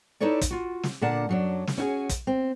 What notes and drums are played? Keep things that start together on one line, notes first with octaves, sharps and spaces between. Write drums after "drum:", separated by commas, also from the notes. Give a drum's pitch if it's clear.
D#4 E4 A4 B4 C#5 D5
drum: kick, hi-hat
F4 F#4
drum: snare
A#2 D3 A#3 D4 F#5 A5
F#2 F#3 D4
drum: snare
C#4 E4 F#4 G#4
drum: kick, hi-hat
C4